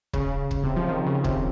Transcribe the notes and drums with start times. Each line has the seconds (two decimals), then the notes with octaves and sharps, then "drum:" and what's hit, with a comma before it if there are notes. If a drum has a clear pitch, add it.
0.13 C#3, drum: kick
0.51 drum: kick
0.64 C3
0.76 F3
0.88 D#3
1.06 C#3
1.24 C3, drum: kick